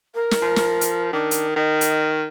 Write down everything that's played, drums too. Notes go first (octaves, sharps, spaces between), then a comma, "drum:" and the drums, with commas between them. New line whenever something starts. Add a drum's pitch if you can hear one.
A#4
drum: snare
F3
drum: snare
drum: hi-hat
D#3 D4
drum: hi-hat
D#3 D#5
drum: hi-hat